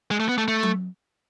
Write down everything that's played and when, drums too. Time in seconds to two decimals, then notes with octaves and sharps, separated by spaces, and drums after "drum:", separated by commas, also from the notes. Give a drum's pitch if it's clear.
0.11 G#3
0.20 A3
0.29 B3
0.38 A3
0.48 A3
0.63 drum: tom F#3